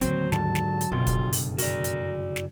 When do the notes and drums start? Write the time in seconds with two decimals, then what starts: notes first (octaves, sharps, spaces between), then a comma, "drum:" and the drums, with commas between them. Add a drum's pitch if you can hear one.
0.01 D#2 A2 D3 F#3 C4 C5, drum: hi-hat
0.32 G#2 D3 A5, drum: snare
0.55 drum: snare
0.81 drum: hi-hat
0.92 F#1 G2 B2 D3 F4
1.07 drum: kick, hi-hat
1.33 drum: open hi-hat
1.58 F#4 A#4 D5, drum: open hi-hat
1.84 drum: hi-hat
2.36 drum: snare